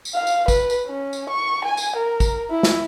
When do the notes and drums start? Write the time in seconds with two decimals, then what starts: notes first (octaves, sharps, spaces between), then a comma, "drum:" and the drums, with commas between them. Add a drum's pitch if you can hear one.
0.05 drum: tambourine
0.15 F5
0.27 drum: tambourine
0.48 B4, drum: kick, tambourine
0.70 drum: tambourine
0.87 C#4
1.13 drum: tambourine
1.29 C#6
1.64 G#5
1.77 drum: tambourine
1.96 A#4
2.20 drum: kick, tambourine
2.51 E4
2.63 drum: snare